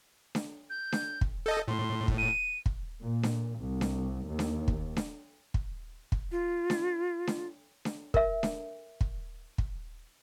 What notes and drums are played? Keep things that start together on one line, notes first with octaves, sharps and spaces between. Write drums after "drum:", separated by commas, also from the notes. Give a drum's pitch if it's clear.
drum: snare D4
G6
drum: snare D4
drum: kick
A4 D#5 G6
A2 C6
drum: kick
D#7
drum: kick
A#2
drum: snare D4
C2
drum: snare D4
D#2
drum: snare D4
drum: kick
drum: snare D4
drum: kick
drum: kick
F4
drum: snare D4
drum: snare D4
drum: snare D4
A#4 E5, drum: kick
drum: snare D4
drum: kick
drum: kick